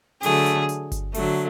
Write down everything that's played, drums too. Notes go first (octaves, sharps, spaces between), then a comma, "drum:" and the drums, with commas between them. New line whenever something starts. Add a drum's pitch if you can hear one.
D3 F#3 A3 G#4, drum: open hi-hat
drum: hi-hat
drum: hi-hat
drum: kick G1, hi-hat
D3 F#3 A3, drum: open hi-hat